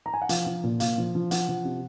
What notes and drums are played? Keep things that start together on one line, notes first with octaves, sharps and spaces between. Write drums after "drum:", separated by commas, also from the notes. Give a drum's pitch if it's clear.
A#5
G#5
F#5
F3 F5, drum: hi-hat
F3
A#2
A#2 F5, drum: hi-hat
F3
F3
F3 F#5, drum: hi-hat
F3
C3